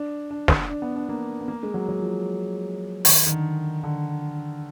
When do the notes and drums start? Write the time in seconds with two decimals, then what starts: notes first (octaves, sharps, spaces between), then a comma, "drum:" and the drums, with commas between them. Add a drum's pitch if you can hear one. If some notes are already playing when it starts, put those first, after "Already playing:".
Already playing: D4
0.31 D4
0.48 drum: snare
0.69 D4
0.82 B3
0.96 D4
1.09 A#3
1.41 B3
1.48 A#3
1.63 G#3
1.74 F#3
1.89 F#3
2.00 F3
3.05 D#3, drum: open hi-hat
3.27 D#3
3.31 D3
3.83 D3